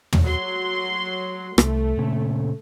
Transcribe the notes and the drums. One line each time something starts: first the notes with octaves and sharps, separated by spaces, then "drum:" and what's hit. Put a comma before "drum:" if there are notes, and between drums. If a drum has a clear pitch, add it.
drum: tom
F#3 C6
C2 A3, drum: rim click
A#2 C#3